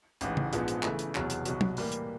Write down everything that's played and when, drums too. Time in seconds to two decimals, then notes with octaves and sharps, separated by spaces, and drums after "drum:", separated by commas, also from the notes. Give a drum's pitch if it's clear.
0.21 A1 G#2 E3, drum: hi-hat
0.37 drum: tom C#3
0.53 A#1 G#2 F3 G#3 B3, drum: hi-hat
0.68 drum: hi-hat
0.83 C#3 E3 A3, drum: clap
0.99 drum: hi-hat
1.15 F1 E2 B2 F#3, drum: clap
1.30 drum: hi-hat
1.45 C2 B2 F#3, drum: hi-hat
1.61 drum: tom
1.77 A2 E3 G3 A#3, drum: open hi-hat
1.92 drum: hi-hat